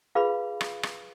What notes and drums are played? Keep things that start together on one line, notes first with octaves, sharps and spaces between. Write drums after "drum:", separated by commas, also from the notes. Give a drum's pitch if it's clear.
F4 G#4 B4 F5 B5
drum: rim click
drum: rim click